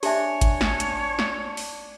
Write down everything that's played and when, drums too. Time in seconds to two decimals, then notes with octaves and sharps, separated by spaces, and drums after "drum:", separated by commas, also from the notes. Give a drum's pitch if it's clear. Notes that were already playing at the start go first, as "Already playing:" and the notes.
0.03 D4 G4 C#5 E5 G#5, drum: open hi-hat
0.41 drum: kick G#1, hi-hat
0.61 drum: snare
0.80 drum: hi-hat
1.19 drum: snare
1.57 drum: open hi-hat